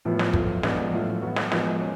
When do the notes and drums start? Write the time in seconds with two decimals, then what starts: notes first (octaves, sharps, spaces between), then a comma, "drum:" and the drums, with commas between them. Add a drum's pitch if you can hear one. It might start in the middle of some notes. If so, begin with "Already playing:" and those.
0.05 A2 F3 B3 F4
0.19 drum: snare
0.33 F#3 A3 F4, drum: kick
0.63 F3 G#3 B3 D4 F#4, drum: snare
0.92 A2 F#3 A3 F4
1.22 F#3 B3 F#4
1.36 drum: snare
1.52 F3 G#3 B3, drum: snare
1.80 C#4